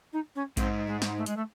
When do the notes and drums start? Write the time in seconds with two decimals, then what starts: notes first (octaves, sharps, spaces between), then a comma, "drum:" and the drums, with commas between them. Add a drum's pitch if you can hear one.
0.13 D#4
0.35 C#4
0.57 G#2 C4, drum: kick A#1, hi-hat
0.87 G#3
1.02 drum: snare
1.17 A3
1.26 G#3, drum: hi-hat
1.36 A3